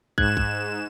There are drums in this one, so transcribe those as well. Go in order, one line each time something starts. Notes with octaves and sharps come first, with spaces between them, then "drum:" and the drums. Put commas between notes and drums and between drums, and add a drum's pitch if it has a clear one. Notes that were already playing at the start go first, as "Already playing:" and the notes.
G#2 F#6 G#6 E7, drum: kick
drum: kick